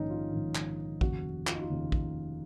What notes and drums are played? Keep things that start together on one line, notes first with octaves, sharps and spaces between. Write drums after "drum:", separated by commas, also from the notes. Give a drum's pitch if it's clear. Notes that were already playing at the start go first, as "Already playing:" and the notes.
Already playing: A#1 G#2 D#3 C#4 D#4
F4
A#1 G#2 D#3
drum: clap
F1 D#2 C#3 F#4, drum: kick
F4, drum: clap
D#4
F4
F1 D#2 C#3
drum: kick